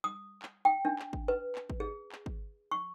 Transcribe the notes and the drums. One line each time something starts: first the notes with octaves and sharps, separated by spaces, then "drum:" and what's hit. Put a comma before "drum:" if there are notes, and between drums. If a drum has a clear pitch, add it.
D#6
drum: clap
G5
D4
drum: clap
drum: kick
B4
drum: clap
drum: kick
G#4
drum: clap
drum: kick
C#6